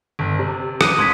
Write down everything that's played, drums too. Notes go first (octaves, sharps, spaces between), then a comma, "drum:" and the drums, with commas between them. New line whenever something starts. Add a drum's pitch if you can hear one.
G1
C3
D#6 F#6 D#7, drum: rim click
C2 C6 G#6 B6